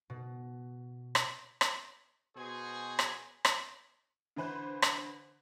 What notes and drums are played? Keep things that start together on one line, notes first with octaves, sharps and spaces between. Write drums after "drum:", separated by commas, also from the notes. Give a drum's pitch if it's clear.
B2
drum: rim click
drum: rim click
B2 F#4 G#4 C5 G#5
drum: rim click
drum: rim click
D3 E3 B4 C5 F#6
drum: rim click